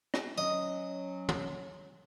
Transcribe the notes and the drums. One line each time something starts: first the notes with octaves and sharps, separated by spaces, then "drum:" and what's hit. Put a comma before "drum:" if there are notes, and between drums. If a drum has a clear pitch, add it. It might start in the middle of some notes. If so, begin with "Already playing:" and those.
drum: rim click
F#3 C#4 D#5
drum: tom